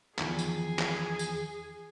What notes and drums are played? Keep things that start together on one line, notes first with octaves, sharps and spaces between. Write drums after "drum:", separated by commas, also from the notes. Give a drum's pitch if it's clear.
E2 D#3 F3 G#4, drum: clap
drum: tambourine
drum: clap
drum: tambourine